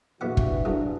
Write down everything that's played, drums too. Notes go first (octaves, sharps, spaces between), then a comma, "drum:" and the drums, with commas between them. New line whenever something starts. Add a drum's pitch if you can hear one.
A#1 G2 E3 B3 F#4 F#5
drum: kick
C2 F#2 F#3 D4